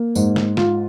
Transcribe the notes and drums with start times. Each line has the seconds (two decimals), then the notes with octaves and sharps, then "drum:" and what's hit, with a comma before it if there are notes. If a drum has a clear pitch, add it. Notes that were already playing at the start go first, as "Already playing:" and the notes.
Already playing: A#3
0.15 G#2, drum: tambourine
0.36 drum: snare
0.57 F4, drum: snare